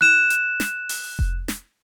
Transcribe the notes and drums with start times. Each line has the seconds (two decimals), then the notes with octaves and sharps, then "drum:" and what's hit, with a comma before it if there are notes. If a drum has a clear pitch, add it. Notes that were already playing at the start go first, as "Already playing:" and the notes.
0.01 F#6 E7
0.30 drum: hi-hat
0.60 drum: snare
0.89 drum: open hi-hat
1.19 drum: kick F1
1.48 drum: snare